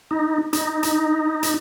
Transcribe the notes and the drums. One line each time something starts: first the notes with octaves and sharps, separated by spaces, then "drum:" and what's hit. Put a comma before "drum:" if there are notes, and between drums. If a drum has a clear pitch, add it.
D#4
D#4, drum: hi-hat
drum: hi-hat
drum: hi-hat